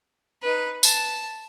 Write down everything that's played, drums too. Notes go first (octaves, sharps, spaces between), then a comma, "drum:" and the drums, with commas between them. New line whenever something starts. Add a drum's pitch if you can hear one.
D#4 B4
A5, drum: tambourine